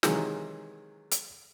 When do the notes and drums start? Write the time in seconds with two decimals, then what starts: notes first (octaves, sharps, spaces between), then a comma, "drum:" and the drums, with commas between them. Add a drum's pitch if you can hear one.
0.03 C3 D#3 E3 F#3 G#3, drum: snare
1.11 drum: hi-hat